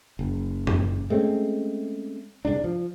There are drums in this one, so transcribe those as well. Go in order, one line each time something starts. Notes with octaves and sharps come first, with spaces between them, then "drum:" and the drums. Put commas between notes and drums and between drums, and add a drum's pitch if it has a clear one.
F#1
drum: tom F#2
G#3 A3 C4 C#4
C2 G#2 D4
F3